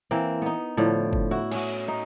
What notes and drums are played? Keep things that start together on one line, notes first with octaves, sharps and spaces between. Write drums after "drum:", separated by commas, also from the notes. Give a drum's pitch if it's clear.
E3 A#3 C4
B3 D#4
A2 D3 F3
drum: kick
E4 F#4
C#4 F#4, drum: cymbal
D#4